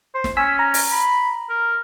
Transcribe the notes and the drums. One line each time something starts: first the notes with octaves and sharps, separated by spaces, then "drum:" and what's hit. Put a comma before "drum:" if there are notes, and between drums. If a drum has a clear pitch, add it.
C5
drum: snare
C#4 G#5 E6 B6
A#5
drum: open hi-hat
B5
A#4